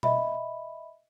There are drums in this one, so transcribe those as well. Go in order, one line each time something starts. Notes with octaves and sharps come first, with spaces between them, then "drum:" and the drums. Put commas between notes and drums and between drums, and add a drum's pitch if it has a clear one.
D#5 E5 B5, drum: tom B2